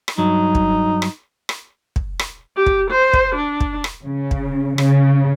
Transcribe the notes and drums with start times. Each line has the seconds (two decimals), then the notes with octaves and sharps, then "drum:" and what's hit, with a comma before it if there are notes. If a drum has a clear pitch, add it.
0.08 drum: rim click
0.18 G2 F#3 D#4
0.55 drum: kick
1.02 drum: rim click
1.49 drum: rim click
1.96 drum: kick
2.19 drum: rim click
2.57 G4
2.66 drum: kick
2.91 C5
3.13 drum: kick
3.36 D4
3.61 drum: kick
3.84 drum: rim click
4.05 C#3
4.31 drum: kick
4.78 C#3, drum: rim click